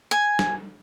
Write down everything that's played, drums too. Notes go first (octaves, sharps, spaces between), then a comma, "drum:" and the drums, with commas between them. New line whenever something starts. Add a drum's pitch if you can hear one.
G#5
drum: snare